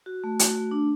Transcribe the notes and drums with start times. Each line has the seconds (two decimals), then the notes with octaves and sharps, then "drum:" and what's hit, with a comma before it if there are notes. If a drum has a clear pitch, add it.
0.06 F#4
0.24 A3
0.39 F#4, drum: hi-hat
0.55 A3
0.71 D4